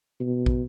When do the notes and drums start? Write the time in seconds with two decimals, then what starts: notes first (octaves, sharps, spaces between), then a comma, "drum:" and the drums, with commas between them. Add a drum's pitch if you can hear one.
0.21 B2
0.46 drum: kick